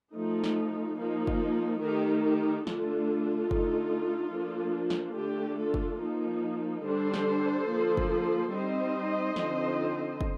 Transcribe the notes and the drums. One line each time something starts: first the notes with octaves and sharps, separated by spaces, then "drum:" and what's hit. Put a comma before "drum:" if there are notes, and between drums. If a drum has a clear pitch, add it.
F3 A3 D#4
drum: snare
F3 A#3 D#4
drum: kick
D#3 A3 D#4 G4 A#4
G4 A#4
D3 A3 D4 F4 A4, drum: snare
D3 A3 D#4, drum: kick
F3 A#3 D4
drum: snare
D3 A3 D4 G4
F4 A4
drum: kick
F3 A#3 D#4
D3 G3 D4 A4 C5
drum: snare
D3 F3 A#3
drum: kick
G3 C4 D#4 C5 D#5
D3 F3 C4 D#4, drum: snare
drum: kick